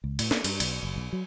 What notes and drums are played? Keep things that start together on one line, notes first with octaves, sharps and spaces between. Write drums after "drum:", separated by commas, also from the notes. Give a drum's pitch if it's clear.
C#2
A2, drum: cymbal
A#3, drum: snare
G2, drum: cymbal
B1, drum: cymbal
F#1
B1
F#3